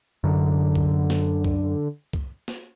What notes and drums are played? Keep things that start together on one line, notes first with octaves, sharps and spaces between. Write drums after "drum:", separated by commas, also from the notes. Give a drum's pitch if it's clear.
F#2 D3
drum: kick C2
drum: snare
drum: kick C2
drum: kick C2
drum: snare